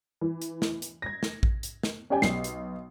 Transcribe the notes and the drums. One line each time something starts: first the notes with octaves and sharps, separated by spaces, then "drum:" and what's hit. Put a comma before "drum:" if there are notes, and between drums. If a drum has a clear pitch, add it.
E3
drum: hi-hat
drum: snare
drum: hi-hat
G#6 A#6
drum: snare
drum: kick A1
drum: hi-hat
drum: snare
C#4 G4 D5 G5 G#5
B1 C7, drum: snare
drum: hi-hat